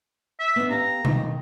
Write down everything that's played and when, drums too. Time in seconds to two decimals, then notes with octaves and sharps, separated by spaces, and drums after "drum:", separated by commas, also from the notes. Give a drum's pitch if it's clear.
0.40 E5
0.56 B3 D4
0.71 G4 F5 A#5
1.05 D#3 D#4, drum: tom B2